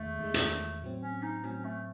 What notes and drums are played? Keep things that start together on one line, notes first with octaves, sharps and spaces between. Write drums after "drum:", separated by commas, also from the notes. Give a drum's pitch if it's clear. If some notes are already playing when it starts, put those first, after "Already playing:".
Already playing: E2 D#3 G#3 A3
E2 D#3 G#3
drum: hi-hat
A2 F#3 C4
C#4
D#4
A2 F#3 C4 C#4
A3